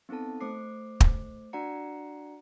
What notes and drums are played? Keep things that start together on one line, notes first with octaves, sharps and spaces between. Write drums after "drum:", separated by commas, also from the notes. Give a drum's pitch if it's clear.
B3 C4 D#4 A4 A5
A3 C5 D6 C7
drum: kick
D4 F#4 D5 F#5 A#5 C#7